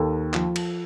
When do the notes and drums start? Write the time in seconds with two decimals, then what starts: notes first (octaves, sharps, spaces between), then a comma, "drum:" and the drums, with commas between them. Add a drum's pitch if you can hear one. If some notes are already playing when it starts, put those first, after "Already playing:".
Already playing: D#2 A4
0.34 F3, drum: clap
0.56 drum: cymbal